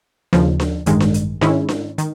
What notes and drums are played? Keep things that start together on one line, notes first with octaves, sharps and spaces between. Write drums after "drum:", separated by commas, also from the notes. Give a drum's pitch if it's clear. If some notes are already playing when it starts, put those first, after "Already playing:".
D#2 C#3 F3, drum: snare D4
drum: snare D4
A1 G2 D#3 G#3, drum: hi-hat
drum: snare D4
drum: hi-hat
G#2 D#3 G#3 C#4 E4, drum: snare D4
drum: snare D4
D#3, drum: hi-hat